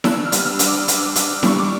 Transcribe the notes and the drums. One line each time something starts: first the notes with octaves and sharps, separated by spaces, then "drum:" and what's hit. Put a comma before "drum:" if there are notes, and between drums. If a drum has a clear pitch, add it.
D4 E6, drum: snare E4
F6
G3, drum: hi-hat
F6
E6
D4, drum: hi-hat
D6
G3, drum: hi-hat
D4, drum: hi-hat
G3 C#6, drum: snare E4
D6